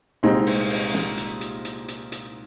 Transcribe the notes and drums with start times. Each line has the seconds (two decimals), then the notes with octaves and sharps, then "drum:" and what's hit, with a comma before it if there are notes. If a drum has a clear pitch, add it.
0.23 C2 A#2 G#3 C4 D#4
0.47 drum: open hi-hat
0.70 drum: open hi-hat
0.94 drum: snare
1.17 drum: hi-hat
1.41 drum: hi-hat
1.65 drum: hi-hat
1.88 drum: hi-hat
2.12 drum: hi-hat